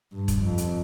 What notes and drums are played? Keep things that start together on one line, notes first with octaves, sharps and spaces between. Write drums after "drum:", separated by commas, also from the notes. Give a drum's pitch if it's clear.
G2
drum: kick E1, hi-hat
F2
drum: hi-hat